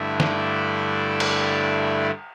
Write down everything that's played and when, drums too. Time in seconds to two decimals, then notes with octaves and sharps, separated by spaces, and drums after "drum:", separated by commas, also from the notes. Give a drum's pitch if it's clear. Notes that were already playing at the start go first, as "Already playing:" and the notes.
Already playing: G2 D3 A3 E4
0.20 D5, drum: snare
1.20 drum: cymbal